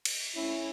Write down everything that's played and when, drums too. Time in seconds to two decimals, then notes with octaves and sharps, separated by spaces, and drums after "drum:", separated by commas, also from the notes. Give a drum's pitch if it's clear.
0.05 drum: cymbal
0.35 D2 D3 A3 C#4 E4